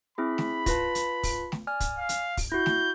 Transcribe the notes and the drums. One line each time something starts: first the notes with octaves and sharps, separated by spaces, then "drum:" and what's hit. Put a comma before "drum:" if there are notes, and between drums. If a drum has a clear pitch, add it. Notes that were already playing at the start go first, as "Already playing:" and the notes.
C4 E4 G#4 B5
drum: snare A3
F4 B4 A5, drum: kick, hi-hat
drum: hi-hat
drum: kick, open hi-hat
drum: snare A3
D5 G#5 F6
drum: kick, hi-hat
F5
drum: hi-hat
drum: kick, open hi-hat
E4 F#4 G6
drum: snare A3